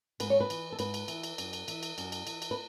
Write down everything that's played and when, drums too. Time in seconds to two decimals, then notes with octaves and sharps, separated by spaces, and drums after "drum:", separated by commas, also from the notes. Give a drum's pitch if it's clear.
0.20 G#2 B4, drum: cymbal
0.30 C#5
0.40 B4
0.50 E3, drum: cymbal
0.72 A4
0.79 G#2 B4, drum: cymbal
0.94 drum: cymbal
1.08 E3, drum: cymbal
1.23 drum: cymbal
1.38 F#2, drum: cymbal
1.53 drum: cymbal
1.68 E3, drum: cymbal
1.83 drum: cymbal
1.98 F#2, drum: cymbal
2.12 drum: cymbal
2.27 E3, drum: cymbal
2.42 drum: cymbal
2.51 B4